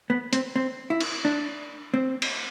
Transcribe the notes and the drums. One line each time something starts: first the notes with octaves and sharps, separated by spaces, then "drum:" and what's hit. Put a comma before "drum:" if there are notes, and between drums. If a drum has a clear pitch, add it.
B3
C4, drum: hi-hat
C4
E4
drum: cymbal
D4
C4
drum: cymbal